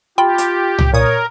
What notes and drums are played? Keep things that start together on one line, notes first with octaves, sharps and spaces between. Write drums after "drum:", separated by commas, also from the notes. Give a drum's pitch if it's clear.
F4 G4 G5 B5
drum: hi-hat
drum: tom
A#2 A#4 C#5 D#6